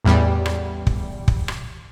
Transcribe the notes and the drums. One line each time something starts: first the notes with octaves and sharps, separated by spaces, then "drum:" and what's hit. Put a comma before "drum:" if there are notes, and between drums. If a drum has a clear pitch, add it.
A1 E2 G3
drum: rim click
drum: kick
drum: kick
drum: rim click